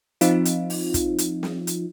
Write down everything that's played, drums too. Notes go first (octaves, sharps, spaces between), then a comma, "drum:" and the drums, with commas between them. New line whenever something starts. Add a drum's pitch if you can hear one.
F3 C4 D#4 F4, drum: hi-hat
drum: hi-hat
drum: open hi-hat
drum: kick, hi-hat
drum: hi-hat
drum: snare
drum: hi-hat